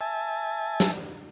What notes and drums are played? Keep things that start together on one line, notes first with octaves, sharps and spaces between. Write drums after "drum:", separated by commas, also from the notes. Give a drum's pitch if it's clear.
E5 G#5 A5
drum: snare